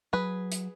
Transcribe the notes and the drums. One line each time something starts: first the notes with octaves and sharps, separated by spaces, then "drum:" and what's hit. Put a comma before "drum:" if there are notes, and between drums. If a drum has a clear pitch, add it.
F#3 G#4 B4
drum: hi-hat